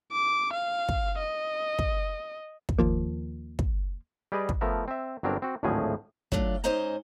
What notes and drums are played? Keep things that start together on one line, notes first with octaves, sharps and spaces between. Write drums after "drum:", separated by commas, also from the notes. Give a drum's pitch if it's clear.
D6
F5
drum: kick
D#5
drum: kick
drum: kick
D#2 F3 A#3
drum: kick
G3 G4 G#4 B4 D5 D#5
drum: kick
F3 A3 B3 A#4 E5
C4 E5
G1 F#3 C4 D4 A#4
C4 F#4
G#1 D2 A2 F3 F#3 G#4
F#3 A3 D4 F4, drum: kick
G#2 C#4 C5 D#5 G#5 A#5